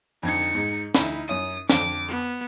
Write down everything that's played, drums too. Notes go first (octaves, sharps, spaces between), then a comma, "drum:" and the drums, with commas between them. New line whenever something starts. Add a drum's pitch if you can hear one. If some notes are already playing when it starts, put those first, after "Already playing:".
F2 D3 D#4 G#6 C#7
G#2
D2 D#4 E4 B5, drum: snare
F#2 C#5 D#6 D#7
F2 D3 D6, drum: snare
B3